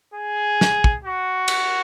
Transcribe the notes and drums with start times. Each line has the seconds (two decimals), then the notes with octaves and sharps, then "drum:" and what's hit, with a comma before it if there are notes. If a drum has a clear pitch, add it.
0.14 G#4
0.61 drum: snare
0.84 drum: kick
1.04 F#4
1.48 drum: cymbal